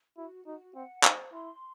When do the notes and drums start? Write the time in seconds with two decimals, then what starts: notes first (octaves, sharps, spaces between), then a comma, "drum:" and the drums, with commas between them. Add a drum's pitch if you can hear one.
0.17 E4 F#4
0.46 D#4 F#4
0.75 C4 F#5
1.04 D#4 C5, drum: clap
1.32 E4 C6